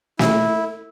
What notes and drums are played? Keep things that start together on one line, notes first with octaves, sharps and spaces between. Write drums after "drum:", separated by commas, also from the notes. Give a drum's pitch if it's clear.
E4, drum: snare